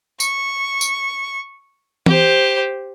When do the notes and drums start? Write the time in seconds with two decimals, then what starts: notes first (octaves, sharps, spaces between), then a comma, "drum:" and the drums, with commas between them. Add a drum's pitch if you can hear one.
0.20 C#6, drum: tambourine
0.81 drum: tambourine
2.06 G4 C5, drum: tom E3